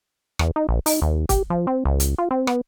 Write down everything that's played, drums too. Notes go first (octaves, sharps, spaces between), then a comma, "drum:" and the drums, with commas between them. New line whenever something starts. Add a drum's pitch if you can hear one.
E2, drum: rim click
D#4
A#1
D#4, drum: open hi-hat
D#2
G4, drum: kick, hi-hat
F3
C4
C#2
drum: hi-hat
F4
C4
B3, drum: rim click